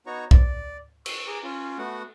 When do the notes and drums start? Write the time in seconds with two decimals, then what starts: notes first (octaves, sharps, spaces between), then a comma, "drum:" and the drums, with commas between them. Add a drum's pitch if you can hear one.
0.06 B3 D#4 F#4 C#5 A#5 C#6
0.31 D5, drum: kick B1
1.06 C#6 E6, drum: cymbal
1.27 G#4 A#5 D6
1.43 C#4 F4
1.78 A3 B3 F#4 F#5